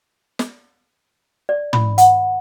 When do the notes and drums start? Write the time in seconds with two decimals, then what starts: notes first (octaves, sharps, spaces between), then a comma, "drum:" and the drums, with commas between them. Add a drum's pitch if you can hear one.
0.39 drum: snare
1.49 D5
1.73 B5, drum: tom
1.98 F#5, drum: hi-hat